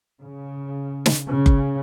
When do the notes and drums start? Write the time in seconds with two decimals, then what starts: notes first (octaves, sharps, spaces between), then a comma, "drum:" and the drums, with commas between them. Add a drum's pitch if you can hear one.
0.21 C#3
1.06 drum: snare
1.28 C#3
1.46 drum: kick F#1